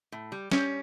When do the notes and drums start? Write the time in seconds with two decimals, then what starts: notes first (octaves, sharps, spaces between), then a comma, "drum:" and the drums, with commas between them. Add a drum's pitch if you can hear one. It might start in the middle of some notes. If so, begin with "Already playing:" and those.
0.12 A2
0.32 G3
0.51 G3 C#4, drum: snare